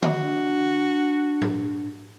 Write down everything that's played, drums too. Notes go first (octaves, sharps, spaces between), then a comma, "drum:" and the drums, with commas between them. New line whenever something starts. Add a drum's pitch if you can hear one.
F#4, drum: tom
D4
drum: tom G#2